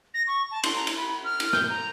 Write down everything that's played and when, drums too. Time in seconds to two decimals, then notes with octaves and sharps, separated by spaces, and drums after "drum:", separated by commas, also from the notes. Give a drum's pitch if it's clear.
0.14 A#6
0.27 C#6
0.51 A5
0.63 C6, drum: cymbal
0.75 A#5
0.87 drum: cymbal
0.97 B5
1.24 F6
1.40 drum: cymbal
1.53 G6, drum: rim click
1.70 A#5